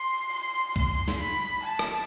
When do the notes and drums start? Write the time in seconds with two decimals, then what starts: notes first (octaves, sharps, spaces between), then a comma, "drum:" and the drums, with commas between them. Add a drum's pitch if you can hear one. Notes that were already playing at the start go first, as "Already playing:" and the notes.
Already playing: C6
0.33 C6
0.76 C6, drum: kick
1.08 drum: snare
1.20 B5
1.63 A5
1.79 drum: rim click